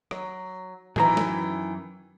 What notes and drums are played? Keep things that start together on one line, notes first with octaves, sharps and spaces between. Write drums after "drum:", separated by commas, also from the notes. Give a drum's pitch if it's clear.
F#3, drum: rim click
F#2 D#3 E3 G#4 A#5, drum: tom A2
drum: snare